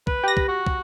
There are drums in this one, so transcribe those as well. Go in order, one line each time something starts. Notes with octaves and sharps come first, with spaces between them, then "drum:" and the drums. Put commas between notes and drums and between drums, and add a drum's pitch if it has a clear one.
B4, drum: kick
G4 A#6
drum: kick
F#4
drum: kick